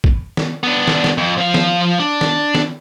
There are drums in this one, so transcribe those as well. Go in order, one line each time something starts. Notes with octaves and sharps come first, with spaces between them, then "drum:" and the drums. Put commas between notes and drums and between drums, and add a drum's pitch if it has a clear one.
drum: kick
drum: snare
B3 D4
drum: snare
drum: snare
F2
F3 F5
drum: snare
D4
drum: snare
drum: snare